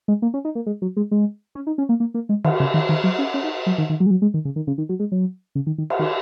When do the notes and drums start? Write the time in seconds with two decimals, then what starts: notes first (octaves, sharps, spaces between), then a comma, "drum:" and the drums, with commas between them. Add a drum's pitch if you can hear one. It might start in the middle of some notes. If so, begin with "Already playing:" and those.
0.08 G#3
0.22 A#3
0.34 C#4
0.45 D#4
0.55 A#3
0.66 G#3
0.82 F#3
0.97 G#3
1.11 G#3
1.55 C#4
1.67 D#4
1.78 C#4
1.89 A#3
2.00 A#3
2.14 A#3
2.29 G#3
2.44 D#3, drum: cymbal
2.60 C#3
2.74 D#3
2.89 D#3
3.04 F#3
3.19 C#4
3.34 C#4
3.44 D#4
3.66 F#3
3.78 D#3
3.90 D#3
4.00 F#3
4.06 G#3
4.11 F#3
4.22 G#3
4.34 D#3
4.45 C#3
4.56 D#3
4.67 C#3
4.78 D#3
4.89 F#3
5.00 G#3
5.12 F#3
5.55 C#3
5.67 D#3
5.78 D#3
5.90 drum: cymbal
5.99 D#3